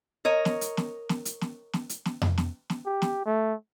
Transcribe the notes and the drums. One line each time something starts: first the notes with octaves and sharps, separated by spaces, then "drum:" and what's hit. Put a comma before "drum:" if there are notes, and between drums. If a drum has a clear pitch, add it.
A#4 C#5 D#5
drum: snare
drum: hi-hat
drum: snare
drum: snare
drum: hi-hat
drum: snare
drum: snare
drum: hi-hat
drum: snare
drum: tom F2
drum: snare
drum: snare
G4
drum: snare
A3